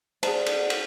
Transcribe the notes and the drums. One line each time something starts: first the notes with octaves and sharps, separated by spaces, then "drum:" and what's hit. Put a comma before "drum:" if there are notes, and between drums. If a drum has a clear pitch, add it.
G#4 C5 D5 F#5 A5, drum: cymbal
drum: cymbal
drum: cymbal